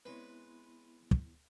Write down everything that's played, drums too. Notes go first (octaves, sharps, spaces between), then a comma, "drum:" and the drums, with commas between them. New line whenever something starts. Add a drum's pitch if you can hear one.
G#3 B3 C4 E4 B4 C#5
drum: kick